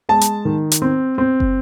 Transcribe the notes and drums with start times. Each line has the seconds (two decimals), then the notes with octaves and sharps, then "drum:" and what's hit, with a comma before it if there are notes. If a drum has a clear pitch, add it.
0.09 G#3 A5
0.21 drum: hi-hat
0.45 D#3
0.72 drum: hi-hat
0.82 C4
1.18 C4
1.40 drum: kick